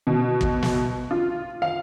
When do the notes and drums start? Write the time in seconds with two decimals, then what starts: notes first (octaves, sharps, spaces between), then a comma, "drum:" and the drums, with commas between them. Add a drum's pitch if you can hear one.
0.07 B2
0.41 drum: kick
0.63 drum: snare
1.11 F4
1.62 F5